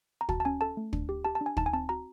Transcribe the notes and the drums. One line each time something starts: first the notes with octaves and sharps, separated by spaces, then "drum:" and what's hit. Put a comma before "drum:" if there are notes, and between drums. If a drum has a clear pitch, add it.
A#5
F#4 A5, drum: kick
A5
C#4 G#5
A4 A5
A3
D4, drum: kick
G4
G4 A5
A5
D4
G#5
D#4 A5, drum: kick
G#5
C4 A5
F#4 A#5